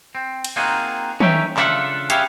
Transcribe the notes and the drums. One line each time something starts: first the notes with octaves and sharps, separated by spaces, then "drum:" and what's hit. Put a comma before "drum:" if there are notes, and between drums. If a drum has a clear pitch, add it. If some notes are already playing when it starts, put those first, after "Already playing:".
C4
drum: cymbal
A#3 C4 D#4 F4 F#4 G#4
C#4 D#4 C#5 E5 F#5 G5, drum: tom
C#3 D4 F4 A4 E5 F#5, drum: clap
G4 G#4 B4 C#5 E5 F5, drum: hi-hat